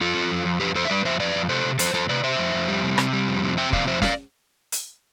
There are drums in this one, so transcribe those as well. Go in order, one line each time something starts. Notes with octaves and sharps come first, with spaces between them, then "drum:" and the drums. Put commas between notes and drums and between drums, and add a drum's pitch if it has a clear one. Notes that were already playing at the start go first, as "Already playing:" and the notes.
F2 F4 A4
F2
F2
F2
F2 G4 B4
F2 A4 C5
E5
G3 B4 D5
F2 C5 E5
F2 B4 D5
F2
C3 A4 C5
C3
F2 A4 C5, drum: hi-hat
F2 A4 C5
C3 B4 D5
C3 C5 E5
F2
F2
G3
C3
C3, drum: rim click
G3
F2
C3
C3 E5 G5
F2 D5 F5, drum: kick
F2 C5 E5
D5 F5, drum: snare
drum: hi-hat